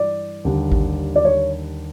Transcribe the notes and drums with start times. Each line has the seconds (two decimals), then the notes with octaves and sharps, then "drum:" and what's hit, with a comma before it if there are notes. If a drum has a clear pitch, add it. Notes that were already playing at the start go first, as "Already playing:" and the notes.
Already playing: G2 E3 D5
0.45 D#2 D3 G3
0.72 drum: kick A1
1.16 D5
1.25 C#5